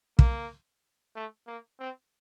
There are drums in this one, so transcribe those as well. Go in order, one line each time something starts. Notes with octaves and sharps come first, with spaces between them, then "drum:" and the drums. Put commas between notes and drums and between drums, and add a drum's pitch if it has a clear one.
A#3, drum: kick
A3
A#3
C4